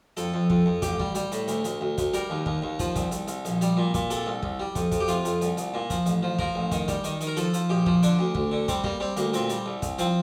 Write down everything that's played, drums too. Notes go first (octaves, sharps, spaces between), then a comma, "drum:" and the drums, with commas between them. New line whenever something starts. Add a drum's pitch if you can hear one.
F2 A4, drum: hi-hat
F2
F2, drum: kick
F2
A1 G4, drum: kick, hi-hat
G3, drum: kick
G3, drum: hi-hat
A2, drum: hi-hat
D2, drum: hi-hat
D2, drum: hi-hat
D2
D2, drum: kick, hi-hat
G3 A#4, drum: hi-hat
D#2
D#2, drum: kick
D#2
F3, drum: kick, hi-hat
C2, drum: kick, hi-hat
C2, drum: hi-hat
C2, drum: hi-hat
A#1, drum: hi-hat
G3, drum: hi-hat
A#2
A#2, drum: kick, hi-hat
C3 A4, drum: hi-hat
C2
C2, drum: kick
G3
F2, drum: kick, hi-hat
F2, drum: kick, hi-hat
G4
C3 F4, drum: hi-hat
F2, drum: hi-hat
C2, drum: hi-hat
C2, drum: hi-hat
A#2
F3, drum: kick, hi-hat
A1, drum: hi-hat
F3
F3 A#4, drum: kick
A1
D#3, drum: kick, hi-hat
G3, drum: kick, hi-hat
D#3, drum: hi-hat
D#3, drum: hi-hat
A#4
F3 A4, drum: hi-hat
F3, drum: hi-hat
A#1 G4
F3, drum: kick
D3 D4, drum: hi-hat
D2
D2, drum: kick
D3
G3 C4, drum: kick, hi-hat
G3 A#3, drum: kick
G3 C4
D2 A#3, drum: hi-hat
A#2 C4, drum: hi-hat
G3, drum: hi-hat
C2
C2, drum: kick, hi-hat
F3 C4, drum: hi-hat